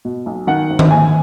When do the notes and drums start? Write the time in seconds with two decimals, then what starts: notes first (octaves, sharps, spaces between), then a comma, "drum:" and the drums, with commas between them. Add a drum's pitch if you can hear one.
0.05 B2
0.26 B1
0.47 D#3 F#5
0.70 G#1
0.79 drum: tom D#3
0.91 A#1 G#5